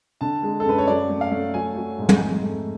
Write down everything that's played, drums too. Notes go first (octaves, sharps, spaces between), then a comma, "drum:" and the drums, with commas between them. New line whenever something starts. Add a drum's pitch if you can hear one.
D3 A5
G#3
A4
F#2 B4
C#5
F#3 D5
A3
F5
A3
F#3 G#5
F#3
G#2
drum: tom
F2
A3